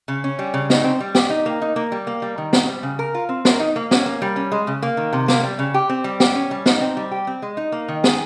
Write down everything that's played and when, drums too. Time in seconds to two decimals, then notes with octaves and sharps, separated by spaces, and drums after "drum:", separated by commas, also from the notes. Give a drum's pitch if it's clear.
0.08 C#3
0.24 C#4
0.39 G3
0.54 C#3
0.70 D#4, drum: snare
0.84 C4
1.00 G3
1.15 G4, drum: snare
1.30 D#4
1.46 A#3
1.62 D#4
1.76 A#3
1.92 G3
2.07 A#3
2.22 G3
2.38 D#3
2.53 C4, drum: snare
2.68 G3
2.83 C#3
2.99 A#4
3.15 F4
3.29 C4
3.45 A#4, drum: snare
3.60 D#4
3.76 A#3
3.91 C#4, drum: snare
4.06 A#3
4.22 G3
4.36 C#4
4.52 G#3
4.67 C#3
4.83 A#3
4.97 D#3
5.13 C3
5.28 A#3, drum: snare
5.43 G3
5.59 C#3
5.74 G4
5.89 C4
6.04 G3
6.20 G4, drum: snare
6.35 C#4
6.51 G3
6.66 D#4, drum: snare
6.81 C4
6.97 G3
7.11 G4
7.27 C4
7.42 G#3
7.57 D#4
7.72 A#3
7.88 D#3
8.04 G#4, drum: snare